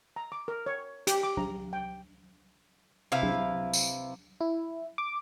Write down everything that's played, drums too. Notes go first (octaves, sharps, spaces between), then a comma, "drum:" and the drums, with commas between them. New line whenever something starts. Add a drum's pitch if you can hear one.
A#5
D6
A#4
C#5
G4, drum: hi-hat
D6
A#5, drum: tom
G5
C3 E4 B4 F5
drum: tom
drum: tambourine
E4
D6